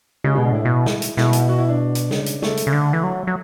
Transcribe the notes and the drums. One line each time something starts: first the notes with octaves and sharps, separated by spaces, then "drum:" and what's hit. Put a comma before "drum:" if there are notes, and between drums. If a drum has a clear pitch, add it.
C#3 G#3
B2 G#3
D4
A2 E4
B2
drum: snare
drum: hi-hat
B2 E4, drum: snare
drum: hi-hat
F#4
E4
D4
drum: hi-hat
C#3, drum: snare
drum: hi-hat
A3, drum: snare
drum: hi-hat
C#3
D3
E3
F#3
F#3